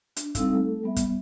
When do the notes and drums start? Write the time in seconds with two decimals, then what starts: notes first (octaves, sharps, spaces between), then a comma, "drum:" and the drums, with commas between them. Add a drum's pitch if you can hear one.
0.17 D4, drum: hi-hat
0.35 G3 C4 D#4 A4 F5 E6, drum: kick, hi-hat
0.51 A3 A4
0.83 G3 B3 E5
0.96 drum: kick, hi-hat